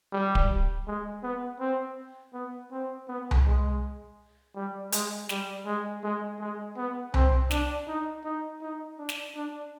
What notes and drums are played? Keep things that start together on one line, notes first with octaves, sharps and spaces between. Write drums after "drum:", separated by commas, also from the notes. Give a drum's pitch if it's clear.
G3
drum: kick D1
G#3
B3
C4
B3
C4
B3
drum: tom C2
G#3
G3
G#3, drum: hi-hat
G3, drum: snare
G#3
G#3
G#3
B3
C4, drum: tom C2
D4, drum: snare
D#4
D#4
D#4
D4
drum: snare
D4